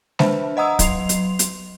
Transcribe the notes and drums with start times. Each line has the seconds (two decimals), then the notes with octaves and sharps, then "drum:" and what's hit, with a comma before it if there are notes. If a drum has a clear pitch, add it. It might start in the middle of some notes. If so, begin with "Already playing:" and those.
0.19 D4 B4 C5 E5 A5 B5, drum: snare G#3
0.57 D#5 F#5 A#5 D#6 E6
0.79 F#3 D#5 C6 C7 F7, drum: kick, hi-hat
1.09 drum: hi-hat
1.39 drum: hi-hat